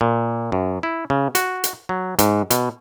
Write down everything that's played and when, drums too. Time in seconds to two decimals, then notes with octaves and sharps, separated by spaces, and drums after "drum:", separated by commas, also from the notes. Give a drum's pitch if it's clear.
0.01 A#2
0.52 F#2
0.83 E4
1.10 C#3
1.35 F#4, drum: hi-hat
1.64 drum: hi-hat
1.89 F#3
2.19 G#2, drum: hi-hat
2.50 B2, drum: hi-hat